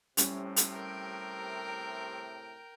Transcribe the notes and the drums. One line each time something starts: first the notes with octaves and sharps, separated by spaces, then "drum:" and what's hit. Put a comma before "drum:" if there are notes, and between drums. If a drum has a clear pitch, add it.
A2 C3 G3 C#4, drum: hi-hat
drum: hi-hat
A#4 G5